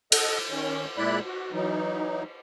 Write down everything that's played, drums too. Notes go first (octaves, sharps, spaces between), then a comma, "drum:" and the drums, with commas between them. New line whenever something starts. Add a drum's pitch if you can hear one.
A4 D#5 F#5, drum: cymbal
D#3 C#4
A#2 G#3 E4 D5 B5 F#6
F#4
E3 F#3 D#4